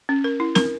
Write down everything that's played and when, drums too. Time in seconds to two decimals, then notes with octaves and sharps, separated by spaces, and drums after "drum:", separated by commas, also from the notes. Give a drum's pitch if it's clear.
0.09 C#4
0.24 A#4
0.40 E4
0.55 A#4, drum: snare C4